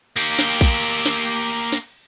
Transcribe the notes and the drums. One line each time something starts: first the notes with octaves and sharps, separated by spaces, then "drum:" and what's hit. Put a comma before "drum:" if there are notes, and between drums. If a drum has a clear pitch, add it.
A#3 G4, drum: cymbal
drum: snare
drum: kick A#1, cymbal
drum: snare
drum: cymbal
drum: snare